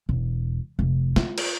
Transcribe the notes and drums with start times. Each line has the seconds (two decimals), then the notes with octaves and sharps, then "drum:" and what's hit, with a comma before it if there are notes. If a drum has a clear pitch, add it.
0.09 E1
0.79 F1
1.16 F4, drum: snare
1.38 drum: cymbal